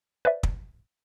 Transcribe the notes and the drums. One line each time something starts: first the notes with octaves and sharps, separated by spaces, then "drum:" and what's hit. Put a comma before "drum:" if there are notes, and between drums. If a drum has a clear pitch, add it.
B4 C5 D5 E5
drum: kick